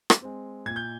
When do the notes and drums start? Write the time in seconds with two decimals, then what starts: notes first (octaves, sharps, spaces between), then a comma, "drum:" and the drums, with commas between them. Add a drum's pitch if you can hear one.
0.10 drum: rim click
0.21 G#3 C4
0.66 A#2 G#6
0.76 G6